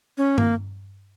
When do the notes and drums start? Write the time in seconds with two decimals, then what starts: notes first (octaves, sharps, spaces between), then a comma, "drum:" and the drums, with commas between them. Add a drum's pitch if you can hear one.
0.18 C#4
0.38 A#3, drum: tom G2